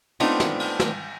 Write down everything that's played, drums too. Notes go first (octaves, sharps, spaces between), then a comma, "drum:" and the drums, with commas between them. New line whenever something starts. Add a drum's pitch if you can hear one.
A3 B3 C4 D4 D#4 F4, drum: cymbal
drum: snare
drum: cymbal
drum: snare